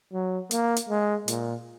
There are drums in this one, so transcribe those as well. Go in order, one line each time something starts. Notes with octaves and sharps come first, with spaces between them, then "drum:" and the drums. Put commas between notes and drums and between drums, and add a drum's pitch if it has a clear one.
F#3
A#3, drum: hi-hat
drum: hi-hat
G#3
A#2, drum: hi-hat